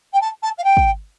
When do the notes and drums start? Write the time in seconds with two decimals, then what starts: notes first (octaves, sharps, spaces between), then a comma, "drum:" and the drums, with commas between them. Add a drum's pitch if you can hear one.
0.13 G5
0.21 A5
0.43 A5
0.58 F5
0.64 G5
0.77 drum: kick